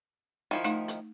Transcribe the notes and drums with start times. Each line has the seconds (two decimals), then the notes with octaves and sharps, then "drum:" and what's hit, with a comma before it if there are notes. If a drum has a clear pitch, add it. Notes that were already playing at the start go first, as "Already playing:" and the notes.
0.51 D#3 F3 E4
0.64 A3 D#4 F5, drum: hi-hat
0.88 drum: hi-hat